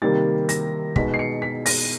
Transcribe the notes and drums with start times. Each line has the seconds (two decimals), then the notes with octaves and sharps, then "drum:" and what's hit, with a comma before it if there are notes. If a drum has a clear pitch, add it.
0.02 C3 D#3 G3 A#3 A6
0.49 A#6, drum: hi-hat
0.96 B2 G#3 B3 D#4 B6, drum: kick
1.14 C7
1.19 C#7
1.42 B6
1.66 A#6, drum: open hi-hat